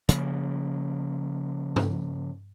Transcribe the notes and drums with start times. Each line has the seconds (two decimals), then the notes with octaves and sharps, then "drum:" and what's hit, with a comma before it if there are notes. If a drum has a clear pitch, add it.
0.09 C#3 F3 A#3, drum: hi-hat
1.76 drum: tom G2